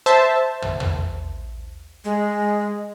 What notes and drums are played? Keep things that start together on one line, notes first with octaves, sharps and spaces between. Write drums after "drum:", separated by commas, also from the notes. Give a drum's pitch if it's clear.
C5 E5 A5
drum: tom
drum: tom
G#3